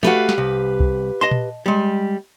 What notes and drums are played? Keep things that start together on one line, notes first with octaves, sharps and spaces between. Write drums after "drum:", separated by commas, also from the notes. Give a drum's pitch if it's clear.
A3 F#4 G4 B4 F5
drum: snare
C2
drum: kick
D#5 A5 C6
drum: tom A#2
G3 G#3